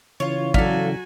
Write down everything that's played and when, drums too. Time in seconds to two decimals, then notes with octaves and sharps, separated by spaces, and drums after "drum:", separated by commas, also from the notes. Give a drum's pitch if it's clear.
0.20 C#3 E3 F4 C#5
0.54 F#3 F#4 A4 D5 F5 G#5 B6, drum: kick